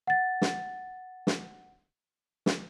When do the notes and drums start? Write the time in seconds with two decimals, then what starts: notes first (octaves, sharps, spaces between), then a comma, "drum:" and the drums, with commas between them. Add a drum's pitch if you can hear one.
0.07 F#5 A6
0.42 drum: snare
1.27 drum: snare
2.46 drum: snare